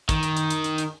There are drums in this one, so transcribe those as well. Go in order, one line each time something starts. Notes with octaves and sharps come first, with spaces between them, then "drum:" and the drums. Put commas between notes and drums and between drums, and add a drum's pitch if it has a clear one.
D#3, drum: kick, hi-hat
drum: hi-hat
drum: hi-hat
drum: hi-hat
drum: hi-hat
drum: hi-hat